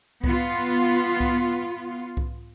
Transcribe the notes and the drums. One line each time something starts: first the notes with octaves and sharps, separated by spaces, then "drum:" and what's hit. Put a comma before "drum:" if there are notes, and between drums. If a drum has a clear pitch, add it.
B3 F4, drum: kick C2
drum: kick C2
drum: kick C2